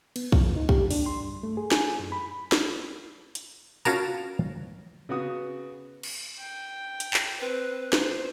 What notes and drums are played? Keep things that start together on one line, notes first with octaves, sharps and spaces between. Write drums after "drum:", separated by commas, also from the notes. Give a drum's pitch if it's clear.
B3, drum: cymbal
F3, drum: kick
D#4
G4, drum: kick
D4, drum: open hi-hat
C6
G2
A3
G#4
G#5, drum: snare
F#2
B5
drum: snare
drum: hi-hat
C#4 F4 F#4 A#4 A5 A#5, drum: tambourine
C#3 B3 F#4 D#6
drum: cymbal
G5
drum: hi-hat
drum: clap
C4 B4
C5, drum: snare